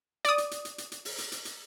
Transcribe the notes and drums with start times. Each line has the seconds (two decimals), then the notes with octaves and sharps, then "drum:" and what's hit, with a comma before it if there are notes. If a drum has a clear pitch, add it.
0.25 D5 D#6, drum: hi-hat
0.38 drum: hi-hat
0.51 drum: hi-hat
0.65 drum: hi-hat
0.78 drum: hi-hat
0.92 drum: hi-hat
1.05 drum: open hi-hat
1.18 drum: hi-hat
1.32 drum: hi-hat
1.45 drum: hi-hat